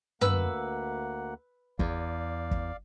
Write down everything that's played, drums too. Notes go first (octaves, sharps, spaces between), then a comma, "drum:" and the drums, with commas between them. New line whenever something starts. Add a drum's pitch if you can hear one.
D2 A#3 B4 F#5 E6, drum: tom
E2 D5 F5, drum: kick
drum: kick